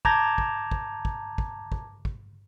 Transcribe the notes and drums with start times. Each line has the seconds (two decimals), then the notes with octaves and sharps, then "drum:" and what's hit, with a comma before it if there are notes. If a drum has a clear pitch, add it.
0.05 A5 A#5 D6 G6 G#6 A#6, drum: kick
0.38 drum: kick
0.71 drum: kick
1.05 drum: kick
1.38 drum: kick
1.72 drum: kick
2.05 drum: kick